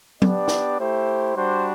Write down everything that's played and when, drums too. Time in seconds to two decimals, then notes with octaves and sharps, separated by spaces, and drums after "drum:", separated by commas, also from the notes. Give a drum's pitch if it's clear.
0.22 B3 D4 G4 D5, drum: tom
0.48 drum: snare
0.80 A3 E4 G4 C5
1.37 G3 D4 F#4 C5